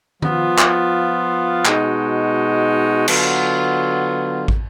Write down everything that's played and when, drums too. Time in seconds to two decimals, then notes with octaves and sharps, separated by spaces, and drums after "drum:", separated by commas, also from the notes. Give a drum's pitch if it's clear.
0.22 F3 B3 F4, drum: tom D#3
0.58 drum: clap
1.65 B2 G#3 D#4 F#4, drum: clap
3.08 D3 F#3 B3 F4, drum: cymbal
4.48 drum: kick